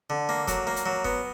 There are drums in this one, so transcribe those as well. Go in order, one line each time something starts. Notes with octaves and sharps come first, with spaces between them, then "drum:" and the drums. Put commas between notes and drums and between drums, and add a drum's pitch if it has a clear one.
D3
A#3
F#3, drum: kick, hi-hat
A#3
drum: hi-hat
F#3
B3, drum: kick